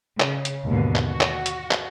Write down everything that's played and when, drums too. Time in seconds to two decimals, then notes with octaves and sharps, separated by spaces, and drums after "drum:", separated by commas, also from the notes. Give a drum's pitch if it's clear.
0.20 C#3, drum: clap
0.45 drum: hi-hat
0.66 D#2 G#2 B2 D3
0.95 drum: clap
1.10 F#4
1.21 drum: clap
1.46 drum: hi-hat
1.71 drum: clap